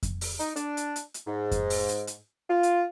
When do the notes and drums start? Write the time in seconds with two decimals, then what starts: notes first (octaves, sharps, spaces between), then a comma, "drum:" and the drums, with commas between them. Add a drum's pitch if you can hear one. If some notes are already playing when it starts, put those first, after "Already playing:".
0.03 drum: kick F2, hi-hat
0.21 drum: open hi-hat
0.40 D#4, drum: hi-hat
0.56 D4, drum: hi-hat
0.77 drum: hi-hat
0.96 drum: hi-hat
1.14 drum: hi-hat
1.27 G#2
1.51 drum: kick F2, hi-hat
1.70 drum: open hi-hat
1.89 drum: hi-hat
2.07 drum: hi-hat
2.50 F4
2.63 drum: hi-hat